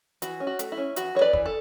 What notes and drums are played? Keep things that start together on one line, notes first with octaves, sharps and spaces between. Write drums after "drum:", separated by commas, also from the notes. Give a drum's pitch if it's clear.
E3 F#4, drum: hi-hat
C#4
F#4
A3, drum: hi-hat
E4
C#4
E3 F#4, drum: hi-hat
E3 C#5
B4 D5
E3, drum: kick
A4